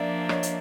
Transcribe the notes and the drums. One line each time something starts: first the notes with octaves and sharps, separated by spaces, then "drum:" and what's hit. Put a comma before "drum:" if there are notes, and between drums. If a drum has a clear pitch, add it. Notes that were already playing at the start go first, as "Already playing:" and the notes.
Already playing: F3 A#3 D4 D5 E5
C#5 D#5, drum: rim click
drum: hi-hat